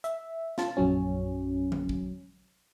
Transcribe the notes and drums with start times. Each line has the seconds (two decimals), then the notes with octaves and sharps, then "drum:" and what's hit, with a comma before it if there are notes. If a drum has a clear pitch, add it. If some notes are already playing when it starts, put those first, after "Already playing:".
0.04 E5, drum: hi-hat
0.58 F4 A5, drum: snare
0.77 A#1 F#2 F#3 C#4
1.72 drum: tom D3
1.89 drum: kick